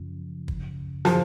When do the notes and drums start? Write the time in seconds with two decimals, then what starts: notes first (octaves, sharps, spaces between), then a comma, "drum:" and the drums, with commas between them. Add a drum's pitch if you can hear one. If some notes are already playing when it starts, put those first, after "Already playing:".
Already playing: F#2 C#3 F3
0.48 drum: kick
1.05 F3, drum: snare